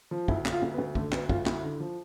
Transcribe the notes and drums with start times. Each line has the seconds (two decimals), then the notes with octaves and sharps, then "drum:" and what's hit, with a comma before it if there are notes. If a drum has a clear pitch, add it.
0.11 F3
0.28 D2 E4, drum: kick A#1
0.45 D2, drum: clap
0.51 F4
0.62 D2
0.74 B3
0.78 D2
0.95 D3 A3, drum: kick A#1
1.12 D2 B3, drum: clap
1.29 D2 F4, drum: kick A#1
1.46 D2 E4, drum: clap
1.63 D3
1.80 F3